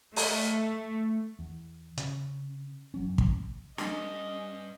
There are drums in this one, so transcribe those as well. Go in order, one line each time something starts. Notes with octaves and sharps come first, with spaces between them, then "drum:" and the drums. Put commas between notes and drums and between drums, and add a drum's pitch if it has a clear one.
A3, drum: open hi-hat
E2
C#3, drum: hi-hat
F#1 F#3 C#4
drum: kick
G2 C#4 D#5, drum: snare